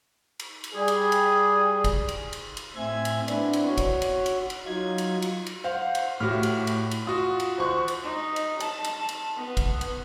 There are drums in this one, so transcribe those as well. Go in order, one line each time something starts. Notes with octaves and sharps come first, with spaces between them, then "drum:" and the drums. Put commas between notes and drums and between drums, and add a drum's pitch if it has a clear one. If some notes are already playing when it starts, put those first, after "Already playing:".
drum: cymbal
drum: cymbal
G3 G#4
drum: cymbal
drum: cymbal
drum: kick, cymbal
drum: cymbal
drum: cymbal
drum: cymbal
A2 C4 E5 G#5 G#6
drum: cymbal
B3 C4 D4 E4, drum: cymbal
drum: cymbal
F#4 C#5
drum: kick, cymbal
drum: cymbal
drum: cymbal
drum: cymbal
F#3 D#4 F4 G#6
drum: cymbal
drum: cymbal
drum: cymbal
C5 F5 F#5
drum: cymbal
A2 F#4 G4 F6
drum: cymbal
drum: cymbal
drum: cymbal
F4 F#4 D#6
drum: cymbal
C5 C#6 F#6
drum: cymbal
D#4
drum: cymbal
A5, drum: cymbal
drum: cymbal
drum: cymbal
B3
drum: kick, cymbal
drum: cymbal